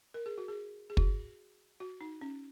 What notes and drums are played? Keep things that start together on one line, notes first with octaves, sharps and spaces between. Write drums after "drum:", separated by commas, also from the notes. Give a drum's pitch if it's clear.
A#4
G#4
F#4
G#4
G#4
F#4, drum: kick
F#4
D#4
C#4